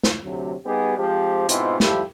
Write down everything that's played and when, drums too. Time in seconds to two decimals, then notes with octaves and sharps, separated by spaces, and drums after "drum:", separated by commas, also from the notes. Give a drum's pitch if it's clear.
0.03 drum: snare
0.24 D2 C3 F#3
0.65 G3 B3 D#4 G4 G#4
0.98 F3 G#3 C4 G4
1.49 G#2 B2 C4 E4 F4, drum: hi-hat
1.80 F3 G3 A3 E4 G4, drum: snare